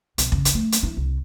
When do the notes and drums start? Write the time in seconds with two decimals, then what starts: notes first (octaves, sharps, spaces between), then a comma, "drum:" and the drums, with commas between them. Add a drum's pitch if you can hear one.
0.18 B1, drum: hi-hat
0.32 C#3, drum: kick
0.45 drum: hi-hat
0.54 A3
0.72 drum: hi-hat
0.83 E4
0.97 C2